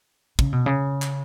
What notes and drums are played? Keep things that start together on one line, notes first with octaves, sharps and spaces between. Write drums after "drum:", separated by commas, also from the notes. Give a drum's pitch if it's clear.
C#3, drum: kick
B2
C#3
drum: clap